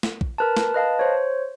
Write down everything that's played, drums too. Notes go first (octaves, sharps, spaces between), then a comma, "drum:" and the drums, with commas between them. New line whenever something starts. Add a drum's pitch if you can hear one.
drum: snare
drum: kick
A#4 B4 A5
drum: snare
B4 D#5 F5 A5
C5 C#5